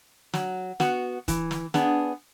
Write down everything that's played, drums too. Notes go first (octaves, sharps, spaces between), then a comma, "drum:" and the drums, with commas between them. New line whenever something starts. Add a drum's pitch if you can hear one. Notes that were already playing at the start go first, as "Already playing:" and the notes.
F#3, drum: snare
B3 F#4, drum: snare
E3, drum: kick, hi-hat
drum: snare
B3 D4 G#4, drum: snare